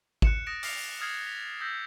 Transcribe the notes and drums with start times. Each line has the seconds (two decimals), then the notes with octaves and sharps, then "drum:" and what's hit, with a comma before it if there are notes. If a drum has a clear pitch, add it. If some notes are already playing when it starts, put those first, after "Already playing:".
0.22 F#6 C#7 E7, drum: kick G#1
0.47 D#6 A6 A#6 D7 E7
0.63 D6 F6 A#6 C7 C#7 F7, drum: open hi-hat
1.01 D#6 F6 G#6 A6 C7 G7
1.25 A6 B6 F7
1.61 D#6 E6 G6 A#6 B6